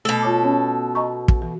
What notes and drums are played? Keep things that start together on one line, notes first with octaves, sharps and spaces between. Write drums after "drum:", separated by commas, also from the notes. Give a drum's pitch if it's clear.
B2 A3 A4
F4 C#5 D6
B3 C#4 C#5
D#5 A#5 C#6
drum: kick
E3 F#4